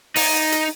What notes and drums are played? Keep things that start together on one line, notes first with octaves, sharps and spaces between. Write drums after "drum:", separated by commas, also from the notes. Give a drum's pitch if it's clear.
D#4, drum: open hi-hat
drum: hi-hat